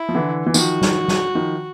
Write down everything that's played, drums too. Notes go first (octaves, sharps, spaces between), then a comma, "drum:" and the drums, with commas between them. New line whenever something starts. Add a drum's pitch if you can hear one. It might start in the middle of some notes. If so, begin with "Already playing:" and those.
Already playing: E4
F3
D3 E3
E3
D#3 F3 F#4, drum: tambourine
drum: snare
drum: snare
D#3 F3